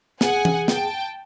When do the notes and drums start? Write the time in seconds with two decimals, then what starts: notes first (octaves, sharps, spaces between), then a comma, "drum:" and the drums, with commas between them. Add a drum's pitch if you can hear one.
0.21 G#4 F#5 G#5, drum: snare
0.45 drum: tom E3
0.68 G5 A5, drum: snare